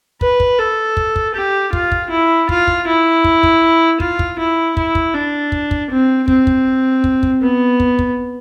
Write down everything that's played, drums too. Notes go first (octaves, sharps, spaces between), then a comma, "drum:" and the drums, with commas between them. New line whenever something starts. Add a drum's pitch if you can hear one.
B4, drum: kick
drum: kick
A4
drum: kick
drum: kick
G4
F4, drum: kick
drum: kick
E4
F4, drum: kick
drum: kick
E4
drum: kick
drum: kick
F4, drum: kick
drum: kick
E4
E4, drum: kick
drum: kick
D4
drum: kick
drum: kick
C4
C4, drum: kick
drum: kick
drum: kick
drum: kick
B3
drum: kick
drum: kick